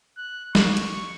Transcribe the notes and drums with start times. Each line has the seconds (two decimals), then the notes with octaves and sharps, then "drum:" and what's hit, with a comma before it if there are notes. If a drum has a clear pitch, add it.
0.17 F#6
0.55 C#6, drum: snare
0.77 drum: hi-hat